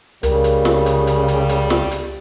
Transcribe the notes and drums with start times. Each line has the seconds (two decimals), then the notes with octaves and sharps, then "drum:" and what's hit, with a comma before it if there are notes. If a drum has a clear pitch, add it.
0.23 C#2 C#3 G3 A#4, drum: hi-hat
0.44 drum: hi-hat
0.65 drum: snare
0.86 drum: hi-hat
1.07 drum: hi-hat
1.28 drum: hi-hat
1.49 drum: hi-hat
1.70 drum: snare
1.91 drum: hi-hat